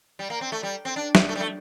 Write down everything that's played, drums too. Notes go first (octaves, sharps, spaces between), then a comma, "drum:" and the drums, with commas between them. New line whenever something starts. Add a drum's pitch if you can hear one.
G3
A#3
C4
A3
G3
C4
D4
drum: snare
A3
G3
A3